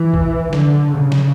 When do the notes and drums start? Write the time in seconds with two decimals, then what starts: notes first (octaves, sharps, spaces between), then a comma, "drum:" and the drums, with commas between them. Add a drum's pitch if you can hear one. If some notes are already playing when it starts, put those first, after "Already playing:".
Already playing: E3
0.14 drum: kick
0.53 D3, drum: snare
0.92 C#3
1.12 drum: snare